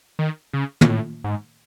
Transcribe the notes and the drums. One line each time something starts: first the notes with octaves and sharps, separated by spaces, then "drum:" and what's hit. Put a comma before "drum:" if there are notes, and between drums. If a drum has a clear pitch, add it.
D#3
C#3
B2, drum: tom
A2
G#2